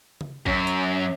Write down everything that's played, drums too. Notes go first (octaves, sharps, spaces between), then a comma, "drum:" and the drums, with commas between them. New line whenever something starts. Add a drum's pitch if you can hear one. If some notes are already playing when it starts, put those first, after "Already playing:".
drum: tom C#3
F#2, drum: kick A1
drum: hi-hat